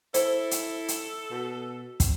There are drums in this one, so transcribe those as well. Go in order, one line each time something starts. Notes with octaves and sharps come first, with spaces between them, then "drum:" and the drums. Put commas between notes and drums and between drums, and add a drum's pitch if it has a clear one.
E4 A4 C5, drum: hi-hat
drum: hi-hat
drum: hi-hat
B2
drum: kick, hi-hat